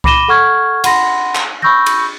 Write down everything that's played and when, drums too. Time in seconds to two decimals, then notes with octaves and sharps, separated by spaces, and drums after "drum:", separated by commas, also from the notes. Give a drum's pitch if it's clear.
0.04 B5 D6 A#6 D#7 E7 G7, drum: kick C2
0.28 A4 F#5 C#6 F6 G#6
0.84 F#5 B5 C6 A#6, drum: cymbal
1.35 drum: clap
1.62 B5 C#6 E6 G6 A#6
1.86 drum: cymbal